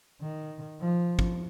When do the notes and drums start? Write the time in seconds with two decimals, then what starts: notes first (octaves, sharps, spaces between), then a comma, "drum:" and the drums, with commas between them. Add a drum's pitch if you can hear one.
0.22 D#3
0.81 F3
1.19 drum: kick